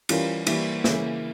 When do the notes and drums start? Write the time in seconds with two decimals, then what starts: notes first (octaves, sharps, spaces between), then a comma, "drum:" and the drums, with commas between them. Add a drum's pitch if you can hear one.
0.09 E3 G3 C#4 F4 A#4, drum: cymbal
0.47 E3 G3 A#3 E4, drum: cymbal
0.84 C#3 E3 A#3 C#4 E4, drum: snare